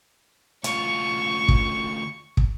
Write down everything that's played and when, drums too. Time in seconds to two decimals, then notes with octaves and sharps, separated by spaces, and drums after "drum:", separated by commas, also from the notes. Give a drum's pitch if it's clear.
0.64 D2 F4 C#6, drum: hi-hat
1.48 drum: kick
2.37 drum: kick